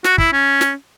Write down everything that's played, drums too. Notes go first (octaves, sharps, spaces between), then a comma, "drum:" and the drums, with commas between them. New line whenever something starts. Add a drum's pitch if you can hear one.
F#4, drum: snare
E4, drum: kick
C#4
drum: snare